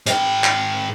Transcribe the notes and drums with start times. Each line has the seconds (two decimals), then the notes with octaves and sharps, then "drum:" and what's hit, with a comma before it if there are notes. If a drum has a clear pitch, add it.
0.06 G#2 G5, drum: hi-hat
0.44 drum: clap